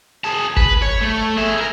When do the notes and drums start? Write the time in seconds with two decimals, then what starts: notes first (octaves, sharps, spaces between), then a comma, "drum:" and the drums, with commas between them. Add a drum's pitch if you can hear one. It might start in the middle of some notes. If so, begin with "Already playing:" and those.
0.24 G#4 A5
0.57 B4, drum: kick G1
0.82 C#5
1.01 A3
1.37 G#4 E5
1.57 G#4 A#4